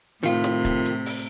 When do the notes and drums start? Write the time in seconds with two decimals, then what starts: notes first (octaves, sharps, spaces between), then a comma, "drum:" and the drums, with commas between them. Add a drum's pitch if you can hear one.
0.23 A2 C3 D#3 F4, drum: hi-hat
0.44 drum: snare
0.65 drum: kick, hi-hat
0.85 drum: hi-hat
1.06 drum: open hi-hat